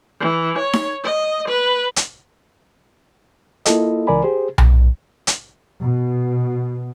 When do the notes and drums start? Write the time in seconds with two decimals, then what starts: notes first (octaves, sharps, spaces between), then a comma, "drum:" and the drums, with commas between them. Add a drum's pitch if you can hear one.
0.20 E3
0.58 C#5
0.73 drum: snare D#4
1.04 D#5
1.48 B4
1.96 drum: hi-hat
3.66 A#3 E4 F4 A4 D#5, drum: hi-hat
4.07 C#2 E3 A#4 D5 G#5 B5
4.24 G4 G#4 C5
4.58 drum: tom B1
5.27 drum: hi-hat
5.82 B2